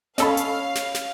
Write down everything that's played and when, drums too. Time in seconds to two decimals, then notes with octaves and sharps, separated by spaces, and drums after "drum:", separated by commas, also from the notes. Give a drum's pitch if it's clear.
0.18 C#4 A4 D#5 F5 B5, drum: snare
0.37 drum: hi-hat
0.75 drum: snare
0.95 drum: snare